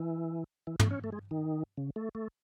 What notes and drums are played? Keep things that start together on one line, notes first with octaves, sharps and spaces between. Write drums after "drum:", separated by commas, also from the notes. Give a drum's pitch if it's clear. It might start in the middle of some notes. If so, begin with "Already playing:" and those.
Already playing: E3
E3
A3, drum: tom
C#4
A3
G#3
D#3
C#3
A3
A3